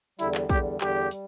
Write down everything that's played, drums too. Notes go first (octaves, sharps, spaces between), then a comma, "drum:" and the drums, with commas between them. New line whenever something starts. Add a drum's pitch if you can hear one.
E2 D3 G3 E4, drum: hi-hat
drum: clap
E2 D3 G3 G4, drum: kick, hi-hat
E2 D3 G3 G4, drum: clap
G3, drum: hi-hat